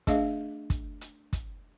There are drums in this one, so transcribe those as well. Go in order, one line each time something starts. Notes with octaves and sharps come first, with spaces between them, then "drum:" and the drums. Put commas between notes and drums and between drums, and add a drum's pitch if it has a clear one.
A3 D4 G#4 D#5 F5, drum: kick, hi-hat
drum: kick, hi-hat
drum: hi-hat
drum: kick, hi-hat